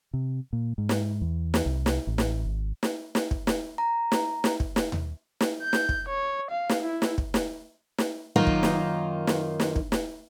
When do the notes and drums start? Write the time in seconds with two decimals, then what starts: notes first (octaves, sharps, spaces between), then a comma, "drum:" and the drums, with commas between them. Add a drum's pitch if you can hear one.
0.14 C3
0.53 A#2
0.78 G#2
0.89 drum: snare
1.21 E2
1.54 drum: snare
1.66 C2
1.86 drum: snare
2.07 A1
2.18 drum: snare
2.46 G#1
2.83 drum: snare
3.15 drum: snare
3.31 drum: kick
3.47 drum: snare
3.78 A#5
4.12 drum: snare
4.44 drum: snare
4.60 drum: kick
4.76 drum: snare
4.92 drum: tom D#2
5.41 drum: snare
5.63 G6
5.73 drum: snare
5.89 drum: kick
6.08 C#5
6.51 F5
6.69 drum: snare
6.83 E4
7.02 drum: snare
7.18 drum: kick
7.34 drum: snare
7.98 drum: snare
8.36 F#2 D#3 A#3 D#4 F4
8.47 drum: kick
8.63 drum: snare
9.27 drum: snare
9.60 drum: snare
9.76 drum: kick
9.92 drum: snare